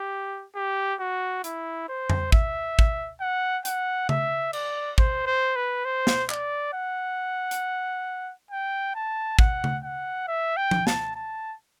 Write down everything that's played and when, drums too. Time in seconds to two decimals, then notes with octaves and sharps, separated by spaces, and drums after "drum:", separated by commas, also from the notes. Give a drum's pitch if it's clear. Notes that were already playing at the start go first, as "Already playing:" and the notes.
Already playing: G4
0.55 G4
1.00 F#4
1.44 E4, drum: hi-hat
1.89 C5
2.10 drum: tom F2
2.32 E5, drum: kick
2.79 drum: kick
3.20 F#5
3.65 F#5, drum: hi-hat
4.09 E5, drum: tom C#3
4.53 D5, drum: cymbal
4.98 C5, drum: kick
5.26 C5
5.56 B4
5.85 C5
6.07 drum: snare
6.30 D5, drum: clap
6.74 F#5
7.51 drum: hi-hat
8.51 G5
8.95 A5
9.39 F#5, drum: kick
9.64 drum: tom C#3
9.83 F#5
10.27 E5
10.57 G5
10.71 drum: tom F3
10.87 A5, drum: snare
11.16 A5